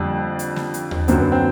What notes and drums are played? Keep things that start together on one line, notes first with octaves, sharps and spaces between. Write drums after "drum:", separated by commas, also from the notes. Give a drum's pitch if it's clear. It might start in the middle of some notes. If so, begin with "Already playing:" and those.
Already playing: F2 D3 G3 D4
drum: hi-hat
drum: snare
drum: hi-hat
drum: tom D#2
F#2 D3 F#3 C4, drum: hi-hat
B3
C4